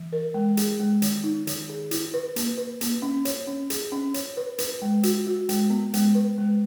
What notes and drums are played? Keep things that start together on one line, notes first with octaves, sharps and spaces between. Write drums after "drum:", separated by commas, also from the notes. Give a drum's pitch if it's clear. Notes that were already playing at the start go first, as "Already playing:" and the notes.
Already playing: E3
A#4
G#3
G#4, drum: hi-hat
G#3
D#3, drum: hi-hat
D#4
D#3, drum: hi-hat
G#4
E4, drum: hi-hat
B4
A#3, drum: hi-hat
B4
A#3, drum: hi-hat
C#4
C#5, drum: hi-hat
C#4
G#4, drum: hi-hat
C#4
C#5, drum: hi-hat
B4
B4, drum: hi-hat
G#3
F#4, drum: hi-hat
F#4
G#3, drum: hi-hat
B3
G#3, drum: hi-hat
B4
G#3